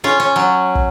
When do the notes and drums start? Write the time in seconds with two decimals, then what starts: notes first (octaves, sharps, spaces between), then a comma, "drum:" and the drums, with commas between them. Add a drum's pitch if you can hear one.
0.04 C#4 F4
0.20 C#4
0.36 F#3
0.75 drum: kick